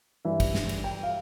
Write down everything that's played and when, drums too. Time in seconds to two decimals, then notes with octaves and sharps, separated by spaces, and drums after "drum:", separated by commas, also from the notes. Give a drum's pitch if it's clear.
0.25 G2 E3 E5
0.40 drum: kick, cymbal
0.55 drum: snare
0.69 drum: cymbal
0.84 G5
1.03 F5